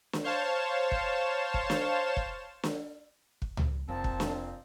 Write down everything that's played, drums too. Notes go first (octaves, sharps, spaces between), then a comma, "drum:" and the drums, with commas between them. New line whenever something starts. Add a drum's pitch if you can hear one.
drum: snare
C5 C#5 F5 A5 E7
drum: kick
drum: kick
drum: snare
drum: kick
drum: snare
drum: kick
drum: tom C#2
F1 A#2 F3 C4 A5
drum: kick
drum: snare